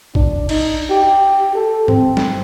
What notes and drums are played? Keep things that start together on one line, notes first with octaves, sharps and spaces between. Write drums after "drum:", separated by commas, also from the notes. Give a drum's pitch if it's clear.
D4, drum: kick
D#4, drum: cymbal
G4
A4
C4, drum: tom G2
drum: snare